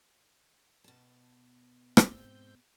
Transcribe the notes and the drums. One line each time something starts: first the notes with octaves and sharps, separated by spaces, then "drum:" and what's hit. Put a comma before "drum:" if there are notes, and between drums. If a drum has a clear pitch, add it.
B2 A5
drum: rim click
G#2 C4 G6